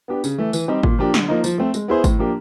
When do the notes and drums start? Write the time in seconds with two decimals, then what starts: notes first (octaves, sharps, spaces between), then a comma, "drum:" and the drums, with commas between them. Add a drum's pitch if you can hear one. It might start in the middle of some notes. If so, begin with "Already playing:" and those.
0.08 B3 D4 G4
0.24 C#3, drum: tambourine
0.38 E3 A3
0.53 E3, drum: tambourine
0.68 G3 C4 D#4 G4
0.83 A#2, drum: kick G#1
0.98 F3 A#3 D4 G4
1.14 D3, drum: snare
1.28 F3 A#3 D#4
1.44 F3, drum: tambourine
1.58 A3 C4
1.74 G#3, drum: tambourine
1.88 B3 E4 G#4 C5
2.04 A2, drum: kick G#1, tambourine
2.19 F3 A#3 D4 G4